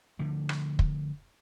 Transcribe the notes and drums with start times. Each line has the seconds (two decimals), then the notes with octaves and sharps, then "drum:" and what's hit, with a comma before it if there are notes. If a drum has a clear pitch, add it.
0.19 D3 F3 A3
0.49 drum: rim click
0.79 drum: kick